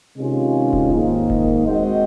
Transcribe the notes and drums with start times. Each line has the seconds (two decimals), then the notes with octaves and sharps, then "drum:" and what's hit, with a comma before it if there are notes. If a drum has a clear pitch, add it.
0.16 C3 D#3 G#3 C#4 F4
0.73 drum: kick D#1
0.92 G#2 D#3 A#3
1.30 drum: kick D#1
1.67 G#3 C4 F#4 C5 D#5